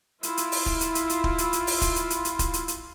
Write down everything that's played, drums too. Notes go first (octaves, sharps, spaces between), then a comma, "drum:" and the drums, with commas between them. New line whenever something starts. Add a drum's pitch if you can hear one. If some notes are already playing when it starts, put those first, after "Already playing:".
E4 F4, drum: hi-hat
drum: hi-hat
drum: open hi-hat
drum: kick
drum: hi-hat
drum: hi-hat
drum: hi-hat
drum: kick
drum: hi-hat
drum: hi-hat
drum: open hi-hat
drum: kick, hi-hat
drum: hi-hat
drum: hi-hat
drum: hi-hat
drum: kick, hi-hat
drum: hi-hat
drum: hi-hat